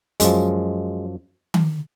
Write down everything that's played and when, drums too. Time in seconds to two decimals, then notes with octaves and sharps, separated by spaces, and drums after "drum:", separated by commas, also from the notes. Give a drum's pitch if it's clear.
0.20 F#2 F3 G#3, drum: hi-hat
1.54 drum: tom D#3